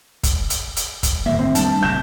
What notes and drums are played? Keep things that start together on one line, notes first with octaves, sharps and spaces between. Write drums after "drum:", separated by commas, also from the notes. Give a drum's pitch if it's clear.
drum: kick, hi-hat
drum: hi-hat
drum: hi-hat
drum: kick, hi-hat
A2 D#3 A#3 E5
C4
G3 D4 A5, drum: hi-hat
F#1 A#2 G6 E7